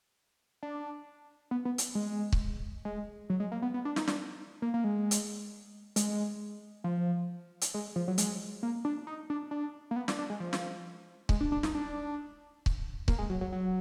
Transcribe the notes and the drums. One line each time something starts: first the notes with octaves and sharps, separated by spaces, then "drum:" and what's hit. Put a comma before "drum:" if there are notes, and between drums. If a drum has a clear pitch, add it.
D4
B3
B3
drum: hi-hat
G#3
drum: kick C#1
G#3
F#3
G#3
A#3
B3
B3
D4
D#4, drum: snare
D4, drum: snare
A#3
A#3
G#3
drum: hi-hat
G#3, drum: hi-hat
F3
drum: hi-hat
G#3
F3
F#3
G#3, drum: hi-hat
A#3
D4
D#4
D4
D4
A#3
B3
D4, drum: snare
D4
G#3
F3
drum: snare
G#3, drum: kick C#1
D4
D4
D#4, drum: snare
D4
drum: kick C#1
A#3, drum: kick C#1
G#3
F#3
F#3
F#3